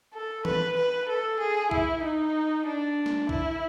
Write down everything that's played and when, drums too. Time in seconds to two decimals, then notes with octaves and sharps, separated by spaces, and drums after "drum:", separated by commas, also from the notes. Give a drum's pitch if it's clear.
0.14 A4
0.45 B4, drum: tom E3
0.77 B4
1.09 A4
1.40 G#4
1.71 E4, drum: kick B1
2.03 D#4
2.66 D4
3.06 drum: snare
3.29 E4, drum: kick B1